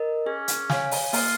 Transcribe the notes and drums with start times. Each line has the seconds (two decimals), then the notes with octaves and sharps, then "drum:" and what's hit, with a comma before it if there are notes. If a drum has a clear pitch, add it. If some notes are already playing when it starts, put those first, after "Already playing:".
Already playing: A#4 D#5
0.26 C#4 G#4
0.48 drum: hi-hat
0.70 C#5 F5 G#5, drum: snare
0.91 drum: open hi-hat
1.13 A#3 F4, drum: open hi-hat